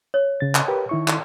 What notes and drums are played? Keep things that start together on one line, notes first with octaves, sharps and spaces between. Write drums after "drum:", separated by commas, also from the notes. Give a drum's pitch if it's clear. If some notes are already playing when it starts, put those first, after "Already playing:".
C#5
C#3 A6
drum: clap
G4 A#4 B4
D#3 E4 C#6
drum: clap